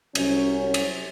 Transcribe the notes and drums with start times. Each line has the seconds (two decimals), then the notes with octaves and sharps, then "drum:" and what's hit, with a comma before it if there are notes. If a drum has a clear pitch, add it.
0.15 C2 F#3 C#4, drum: cymbal
0.74 drum: cymbal